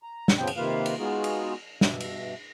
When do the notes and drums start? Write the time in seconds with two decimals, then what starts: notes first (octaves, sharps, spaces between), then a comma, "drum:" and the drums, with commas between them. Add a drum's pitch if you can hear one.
0.03 A#5
0.28 drum: snare
0.38 C#3 F3 B3 C4 G5
0.47 drum: cymbal
0.57 C3 D#3 A#3 F4 B4 F5
0.86 drum: cymbal
0.99 G#3 B3 D#4 F4 F#4 G#4
1.24 drum: cymbal
1.81 G2 B2 E5, drum: snare
2.00 drum: cymbal